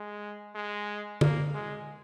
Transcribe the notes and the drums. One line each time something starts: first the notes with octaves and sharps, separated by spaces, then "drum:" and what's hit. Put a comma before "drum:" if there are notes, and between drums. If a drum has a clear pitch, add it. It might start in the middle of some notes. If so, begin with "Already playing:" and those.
Already playing: G#3
G#3
A#3, drum: tom
G#3